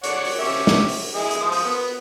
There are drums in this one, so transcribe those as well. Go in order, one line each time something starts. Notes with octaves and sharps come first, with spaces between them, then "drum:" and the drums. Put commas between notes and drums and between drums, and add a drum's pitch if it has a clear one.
C#5 D5 F#5, drum: hi-hat
drum: open hi-hat
C#4 G4 E5
drum: snare
drum: open hi-hat
E4 G#4 D#5
drum: hi-hat
F3 D#6
drum: open hi-hat
B3